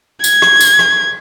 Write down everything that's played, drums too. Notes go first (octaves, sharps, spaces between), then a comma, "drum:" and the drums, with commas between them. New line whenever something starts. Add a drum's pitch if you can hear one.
G#6, drum: tambourine
drum: rim click
drum: tambourine
drum: rim click